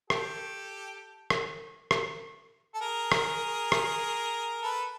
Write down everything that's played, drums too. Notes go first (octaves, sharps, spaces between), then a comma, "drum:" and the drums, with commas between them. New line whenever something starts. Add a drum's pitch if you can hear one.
G4 A4, drum: rim click
drum: rim click
drum: rim click
A4
G#4 A#4
drum: rim click
drum: rim click
A4 B4